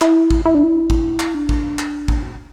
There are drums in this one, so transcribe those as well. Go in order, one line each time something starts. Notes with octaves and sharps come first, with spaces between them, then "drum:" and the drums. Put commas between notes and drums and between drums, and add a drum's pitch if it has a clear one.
E4, drum: clap
drum: kick
E4
D4
E4
drum: kick
drum: clap
D4
drum: kick
drum: clap
drum: kick
F#4